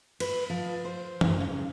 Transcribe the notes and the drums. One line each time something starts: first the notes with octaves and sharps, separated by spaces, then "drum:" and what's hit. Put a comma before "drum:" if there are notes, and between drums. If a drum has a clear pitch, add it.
B4, drum: cymbal
F3
C5
F#2, drum: tom E3
C#3